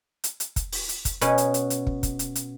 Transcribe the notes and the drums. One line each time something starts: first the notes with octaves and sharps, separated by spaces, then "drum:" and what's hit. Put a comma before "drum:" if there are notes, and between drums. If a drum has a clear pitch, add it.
drum: hi-hat
drum: hi-hat
drum: kick, hi-hat
drum: open hi-hat
drum: hi-hat
drum: kick, hi-hat
B2 B3 C#4 G#5, drum: hi-hat
drum: hi-hat
drum: hi-hat
drum: hi-hat
drum: kick
drum: kick, hi-hat
drum: hi-hat
drum: hi-hat